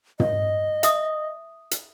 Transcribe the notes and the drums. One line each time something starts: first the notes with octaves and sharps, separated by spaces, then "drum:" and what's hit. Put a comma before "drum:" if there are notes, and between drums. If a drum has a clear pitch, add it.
D#5, drum: tom
E5 D#6, drum: hi-hat
drum: hi-hat